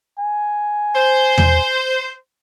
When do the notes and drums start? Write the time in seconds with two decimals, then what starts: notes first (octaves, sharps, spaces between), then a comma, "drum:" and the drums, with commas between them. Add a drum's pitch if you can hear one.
0.19 G#5
0.96 C5
1.38 drum: tom E2